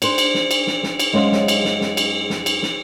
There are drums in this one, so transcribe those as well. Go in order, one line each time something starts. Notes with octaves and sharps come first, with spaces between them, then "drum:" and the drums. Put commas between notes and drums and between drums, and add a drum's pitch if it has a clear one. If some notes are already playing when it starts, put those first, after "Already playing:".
D4 C5, drum: cymbal
drum: cymbal
drum: snare
drum: cymbal
drum: snare
drum: snare
drum: cymbal
F#2 G#3 C#4 G#4 C5 F5
drum: snare
drum: cymbal
drum: snare
drum: snare
drum: cymbal
drum: snare
drum: cymbal
drum: snare